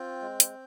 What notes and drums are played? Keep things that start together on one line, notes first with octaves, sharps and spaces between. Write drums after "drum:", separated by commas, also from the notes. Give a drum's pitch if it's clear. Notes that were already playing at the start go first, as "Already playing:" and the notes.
Already playing: C4 F4 G5
G#3
drum: hi-hat